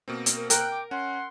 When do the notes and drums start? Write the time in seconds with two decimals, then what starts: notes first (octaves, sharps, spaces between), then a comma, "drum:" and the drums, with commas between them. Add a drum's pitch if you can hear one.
0.08 B2 A#3 C4
0.26 drum: hi-hat
0.36 A#4
0.50 A#4 G5 F#6, drum: hi-hat
0.71 D6
0.91 C#4 F#5 C6